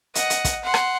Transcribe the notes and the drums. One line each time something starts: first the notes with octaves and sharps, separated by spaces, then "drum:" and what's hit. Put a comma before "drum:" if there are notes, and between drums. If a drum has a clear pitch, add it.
D#5 F#5, drum: hi-hat
drum: hi-hat
drum: kick, hi-hat
F#5 C6
drum: rim click